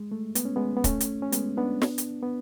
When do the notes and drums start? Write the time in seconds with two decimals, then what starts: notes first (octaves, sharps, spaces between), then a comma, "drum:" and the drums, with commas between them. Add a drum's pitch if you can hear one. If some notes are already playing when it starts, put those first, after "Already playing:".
Already playing: G#3
0.12 A3
0.35 B3, drum: hi-hat
0.45 C#4
0.56 G#3 B3
0.77 B3
0.84 A3 C#4, drum: kick, hi-hat
1.00 drum: hi-hat
1.22 C#4
1.32 G#3 B3, drum: hi-hat
1.57 B3 D4
1.82 drum: snare
1.98 drum: hi-hat
2.23 B3